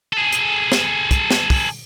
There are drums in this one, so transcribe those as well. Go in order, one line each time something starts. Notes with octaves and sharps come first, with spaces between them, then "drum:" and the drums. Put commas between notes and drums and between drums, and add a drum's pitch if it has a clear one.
G#4 A4
drum: hi-hat
drum: snare
drum: kick, hi-hat
drum: snare
drum: kick, open hi-hat